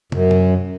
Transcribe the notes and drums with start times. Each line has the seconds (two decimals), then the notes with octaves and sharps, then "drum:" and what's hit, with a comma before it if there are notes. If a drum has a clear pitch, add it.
0.12 F#2, drum: tom
0.31 drum: tom